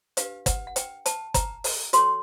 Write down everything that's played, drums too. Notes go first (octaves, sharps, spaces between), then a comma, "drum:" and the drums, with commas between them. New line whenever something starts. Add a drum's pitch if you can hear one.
D4 G4 B4 F5, drum: hi-hat
F#5, drum: kick, hi-hat
F#5
G5, drum: hi-hat
A5, drum: hi-hat
A#5, drum: kick, hi-hat
drum: open hi-hat
F#4 A4 C#5 C6, drum: hi-hat